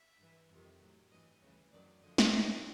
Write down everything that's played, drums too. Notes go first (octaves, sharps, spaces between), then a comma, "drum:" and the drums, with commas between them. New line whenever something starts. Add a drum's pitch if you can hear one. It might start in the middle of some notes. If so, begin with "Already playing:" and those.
Already playing: E5
G2 E3
F2 C3 D#3
A2 F#3
G2 E3 D#5
D2 C#3 E3 C#5
F#2 D#3 F#3 D5
F2 D3 F3 D#5
drum: snare
E2 B2 F#3 D5